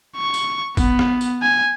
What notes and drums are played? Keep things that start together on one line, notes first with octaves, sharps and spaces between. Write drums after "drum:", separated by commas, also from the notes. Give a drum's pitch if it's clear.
C#6
drum: tambourine
B3, drum: kick G#1, tambourine
drum: rim click
drum: tambourine
G#5